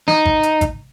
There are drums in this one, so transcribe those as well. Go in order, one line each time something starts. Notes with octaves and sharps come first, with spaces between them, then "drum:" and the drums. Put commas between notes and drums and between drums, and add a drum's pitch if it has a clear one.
D#4, drum: snare
drum: kick
drum: hi-hat
drum: kick, hi-hat